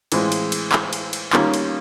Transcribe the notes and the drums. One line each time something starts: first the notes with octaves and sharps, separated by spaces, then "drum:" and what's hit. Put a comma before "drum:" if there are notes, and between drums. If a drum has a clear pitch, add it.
A2 E3 G#3 C4 F4, drum: cymbal
drum: cymbal
drum: cymbal
drum: clap
drum: cymbal
drum: cymbal
D#3 G3 A#3 C#4 F4, drum: clap
drum: cymbal